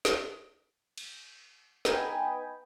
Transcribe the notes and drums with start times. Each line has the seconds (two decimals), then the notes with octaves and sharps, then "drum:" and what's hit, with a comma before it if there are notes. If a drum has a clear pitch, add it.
0.05 drum: snare
0.98 drum: cymbal
1.85 B3 D#4 D#5 G5 G#5 B5, drum: snare